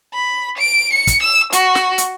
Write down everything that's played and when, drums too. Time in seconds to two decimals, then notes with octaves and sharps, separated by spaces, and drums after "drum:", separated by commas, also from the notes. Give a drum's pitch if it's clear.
0.14 B5
0.58 D7
0.93 C#7
1.07 drum: kick, hi-hat
1.22 E6
1.53 F#4, drum: hi-hat
1.75 drum: snare
1.98 drum: hi-hat